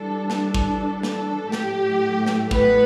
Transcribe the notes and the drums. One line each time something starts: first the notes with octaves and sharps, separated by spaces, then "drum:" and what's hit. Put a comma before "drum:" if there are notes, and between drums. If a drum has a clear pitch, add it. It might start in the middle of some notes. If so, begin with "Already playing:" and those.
Already playing: E3 G3 D4 A4
drum: snare
A4, drum: kick
A4, drum: snare
A2 F#3 A3 G4, drum: snare
drum: snare
B3 B4, drum: kick